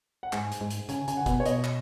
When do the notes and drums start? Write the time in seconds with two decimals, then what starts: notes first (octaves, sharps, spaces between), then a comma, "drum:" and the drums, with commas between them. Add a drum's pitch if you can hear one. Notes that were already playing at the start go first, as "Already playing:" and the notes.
0.23 F#5
0.33 G#2 G#5, drum: clap
0.52 drum: hi-hat
0.61 G#2
0.70 drum: hi-hat
0.89 C#3 G#5, drum: hi-hat
1.08 C#3 G#5, drum: hi-hat
1.17 F#5
1.26 B2, drum: kick, hi-hat
1.40 C#5
1.46 B2 D#5, drum: hi-hat
1.64 drum: clap